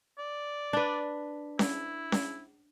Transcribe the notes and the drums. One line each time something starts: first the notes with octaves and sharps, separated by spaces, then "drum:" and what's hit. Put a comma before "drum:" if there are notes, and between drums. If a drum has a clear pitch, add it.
D5
D4 B4
E4, drum: snare C#4
drum: snare C#4